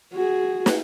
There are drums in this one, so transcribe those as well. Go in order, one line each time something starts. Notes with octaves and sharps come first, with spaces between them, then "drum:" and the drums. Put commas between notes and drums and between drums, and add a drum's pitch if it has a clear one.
F#4 G#4
drum: snare